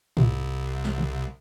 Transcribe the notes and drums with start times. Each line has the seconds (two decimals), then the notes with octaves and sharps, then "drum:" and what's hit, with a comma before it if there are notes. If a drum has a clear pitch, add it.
0.17 C2, drum: tom
0.85 drum: snare
0.98 drum: tom